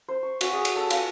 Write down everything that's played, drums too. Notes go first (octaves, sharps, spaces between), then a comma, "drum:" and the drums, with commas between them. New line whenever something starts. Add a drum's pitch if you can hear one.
C5
C#6
F#4, drum: cymbal
G#4
drum: cymbal
A4
F4, drum: cymbal